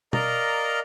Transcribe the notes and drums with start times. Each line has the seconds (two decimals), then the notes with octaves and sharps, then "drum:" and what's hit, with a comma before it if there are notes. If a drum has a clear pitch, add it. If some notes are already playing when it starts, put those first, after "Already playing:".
0.13 A#4 D5 D#5 F5 A#5, drum: tom